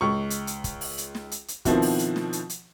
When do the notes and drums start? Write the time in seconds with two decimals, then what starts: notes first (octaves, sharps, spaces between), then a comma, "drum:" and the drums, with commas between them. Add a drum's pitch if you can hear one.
0.01 C#2 C#6
0.30 drum: hi-hat
0.47 drum: hi-hat
0.64 drum: kick, hi-hat
0.81 drum: open hi-hat
0.98 drum: hi-hat
1.15 drum: snare
1.31 drum: hi-hat
1.48 drum: hi-hat
1.65 B2 D#3 F3 C4 E4 F#4, drum: kick, hi-hat
1.82 drum: open hi-hat
1.99 drum: hi-hat
2.16 drum: snare
2.33 drum: hi-hat
2.50 drum: hi-hat